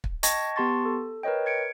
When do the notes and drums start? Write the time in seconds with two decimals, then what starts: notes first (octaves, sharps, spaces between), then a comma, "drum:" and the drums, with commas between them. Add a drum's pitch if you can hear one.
0.04 drum: kick
0.23 D#5 G5 A5 C#6 G#6 A#6, drum: hi-hat
0.56 B3 G4 A5 C6 C#6 A6
0.85 A4
1.23 A#4 B4 C#5 D#5 G5
1.46 G#6 C#7 D7